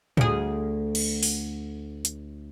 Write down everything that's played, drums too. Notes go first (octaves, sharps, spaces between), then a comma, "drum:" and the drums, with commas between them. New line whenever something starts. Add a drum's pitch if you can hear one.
D2 G#4, drum: tom A2
drum: cymbal
drum: open hi-hat
drum: hi-hat